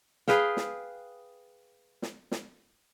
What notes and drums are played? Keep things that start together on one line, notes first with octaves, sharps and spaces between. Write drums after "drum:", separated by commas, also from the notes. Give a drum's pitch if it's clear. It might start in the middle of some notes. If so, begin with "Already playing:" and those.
G#4 B4 F5 G5, drum: snare
drum: snare
drum: snare
drum: snare